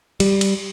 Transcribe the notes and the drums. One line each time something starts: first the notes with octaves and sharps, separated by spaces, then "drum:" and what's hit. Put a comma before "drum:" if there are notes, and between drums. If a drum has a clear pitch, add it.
G3, drum: cymbal
drum: cymbal